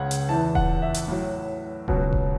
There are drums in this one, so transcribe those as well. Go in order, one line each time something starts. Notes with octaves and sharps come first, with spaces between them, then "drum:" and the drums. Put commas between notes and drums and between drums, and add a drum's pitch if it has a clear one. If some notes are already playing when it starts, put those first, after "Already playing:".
Already playing: C#2 C#3 C#5 F#5
drum: hi-hat
E2 E3 A5
F#5, drum: kick D#1
E5
drum: hi-hat
A2 F#3
C#2 B2 F#3, drum: kick D#1
drum: kick D#1